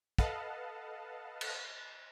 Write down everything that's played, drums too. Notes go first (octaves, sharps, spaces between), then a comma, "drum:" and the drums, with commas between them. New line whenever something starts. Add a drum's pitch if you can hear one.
A4 B4 D#5 F5 F#5 A5, drum: kick
drum: cymbal